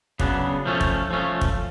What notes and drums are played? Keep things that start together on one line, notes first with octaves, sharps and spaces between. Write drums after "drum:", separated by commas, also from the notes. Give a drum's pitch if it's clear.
C#3 F#3 B3 D4, drum: kick
F3 A3 C#4
drum: kick
F3 A3 C#4
drum: kick